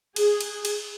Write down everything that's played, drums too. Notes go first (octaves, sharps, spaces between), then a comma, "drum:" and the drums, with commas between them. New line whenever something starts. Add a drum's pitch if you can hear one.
G#4, drum: cymbal
drum: cymbal
drum: cymbal